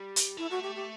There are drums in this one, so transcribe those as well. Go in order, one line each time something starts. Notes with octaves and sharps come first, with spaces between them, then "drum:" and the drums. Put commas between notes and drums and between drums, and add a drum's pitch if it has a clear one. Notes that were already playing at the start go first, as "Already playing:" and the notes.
Already playing: G3
drum: hi-hat
A3 E4
F#4
G4
G4